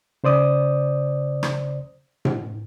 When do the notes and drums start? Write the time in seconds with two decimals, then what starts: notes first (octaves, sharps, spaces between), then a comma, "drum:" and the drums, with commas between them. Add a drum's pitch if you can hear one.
0.24 C#3 C5 D5 D#6
1.43 drum: rim click
2.25 drum: tom A2